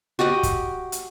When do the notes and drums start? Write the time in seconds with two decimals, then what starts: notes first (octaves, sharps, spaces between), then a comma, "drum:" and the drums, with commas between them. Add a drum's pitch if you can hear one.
0.19 F#4 G4 D#5 F#5
0.43 drum: kick, hi-hat
0.92 drum: hi-hat